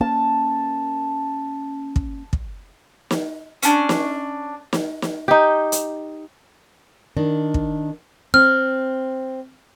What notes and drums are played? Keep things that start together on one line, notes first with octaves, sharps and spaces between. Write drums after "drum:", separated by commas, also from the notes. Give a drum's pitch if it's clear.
A#3 C#4 A5
drum: kick
drum: kick
drum: snare
C#4 D4, drum: hi-hat
drum: snare
drum: snare
drum: snare
D#4 G4
drum: hi-hat
D#3 D4
drum: kick
C4 F6